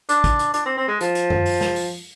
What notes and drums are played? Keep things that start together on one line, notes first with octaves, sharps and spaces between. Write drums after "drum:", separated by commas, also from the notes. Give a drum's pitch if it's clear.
D4, drum: hi-hat
drum: kick, hi-hat
drum: hi-hat
D4, drum: hi-hat
C4
C4
G#3
F3, drum: hi-hat
drum: hi-hat
drum: tom F#2
drum: open hi-hat
drum: snare
drum: open hi-hat